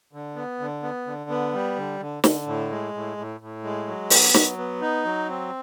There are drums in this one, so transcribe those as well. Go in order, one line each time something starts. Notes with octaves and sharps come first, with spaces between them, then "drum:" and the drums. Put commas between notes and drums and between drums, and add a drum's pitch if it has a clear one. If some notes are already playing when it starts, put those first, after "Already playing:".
D3
B3
D3
B3
D3
B3
G3
D3
D3
D3, drum: snare
A2
G#3
A2
A2
A2
G#3
F#3
B3, drum: open hi-hat
F#3, drum: snare
B3
D#4
F#3
C4